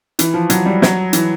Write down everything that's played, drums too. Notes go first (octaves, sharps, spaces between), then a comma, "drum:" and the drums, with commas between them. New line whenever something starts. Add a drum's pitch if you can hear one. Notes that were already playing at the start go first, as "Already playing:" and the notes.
E3, drum: hi-hat
F3
F#3, drum: hi-hat
G3
F#3, drum: snare
E3, drum: hi-hat